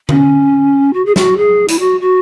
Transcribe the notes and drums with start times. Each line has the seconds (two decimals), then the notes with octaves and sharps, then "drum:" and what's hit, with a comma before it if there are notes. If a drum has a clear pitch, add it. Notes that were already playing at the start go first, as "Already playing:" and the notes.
0.09 C#4, drum: tom D3
0.94 F#4
1.06 G#4
1.16 F#4, drum: snare
1.37 G#4
1.68 E4, drum: hi-hat
1.79 F#4
2.00 F#4